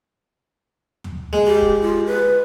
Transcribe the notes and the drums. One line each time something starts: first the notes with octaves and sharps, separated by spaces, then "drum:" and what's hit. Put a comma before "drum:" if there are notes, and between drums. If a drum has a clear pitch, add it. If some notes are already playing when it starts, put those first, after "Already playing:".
drum: tom D#2
G#3
G4
drum: kick
F4
B4